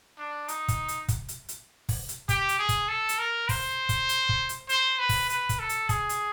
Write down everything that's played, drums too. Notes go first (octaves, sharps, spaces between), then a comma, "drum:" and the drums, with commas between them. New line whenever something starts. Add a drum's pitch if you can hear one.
D4
D#4, drum: hi-hat
drum: kick, hi-hat
drum: hi-hat
drum: kick, hi-hat
drum: hi-hat
drum: hi-hat
drum: kick, open hi-hat
drum: hi-hat
G4, drum: kick, hi-hat
drum: hi-hat
G#4
drum: kick, hi-hat
A4
drum: hi-hat
A#4
C5, drum: kick, open hi-hat
drum: kick, hi-hat
drum: hi-hat
drum: kick
drum: hi-hat
C5, drum: hi-hat
B4
drum: kick, open hi-hat
B4, drum: hi-hat
drum: kick, hi-hat
A4
drum: hi-hat
G#4, drum: kick, hi-hat
drum: hi-hat